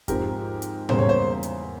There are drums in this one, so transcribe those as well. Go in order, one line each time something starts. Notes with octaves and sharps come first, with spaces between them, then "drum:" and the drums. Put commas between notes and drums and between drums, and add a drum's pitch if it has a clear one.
G#2 F3 C4 G4 A#4, drum: kick E2, hi-hat
drum: hi-hat
E2 C#3 G3 A#3 C5, drum: tom A2
C#5
C5
drum: hi-hat